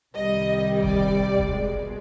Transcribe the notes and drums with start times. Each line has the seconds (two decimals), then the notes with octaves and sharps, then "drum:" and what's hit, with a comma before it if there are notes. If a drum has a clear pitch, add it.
0.15 C2 C3 D#3 G3 D#5
0.83 D5, drum: kick F1
1.38 drum: kick F1
1.51 C2 B2 G#3